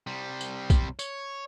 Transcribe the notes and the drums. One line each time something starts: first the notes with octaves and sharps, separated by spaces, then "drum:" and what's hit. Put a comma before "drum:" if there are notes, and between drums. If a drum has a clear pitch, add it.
C3 G3
drum: tambourine
drum: kick B1, tambourine
C#5, drum: tambourine